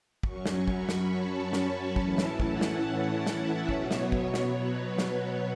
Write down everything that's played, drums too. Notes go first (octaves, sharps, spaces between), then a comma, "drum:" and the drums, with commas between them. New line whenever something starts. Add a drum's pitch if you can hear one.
F#2 F#3 C#4 C#6, drum: kick
drum: snare
B5, drum: kick
drum: snare
A5
B5, drum: snare
A2 E3 C#4 E4 A5, drum: kick
drum: snare
F#5, drum: kick
drum: snare
E5, drum: snare
B2 F#3 B3 C#5, drum: kick
drum: snare
C#5, drum: kick
drum: snare
B4
C#5, drum: snare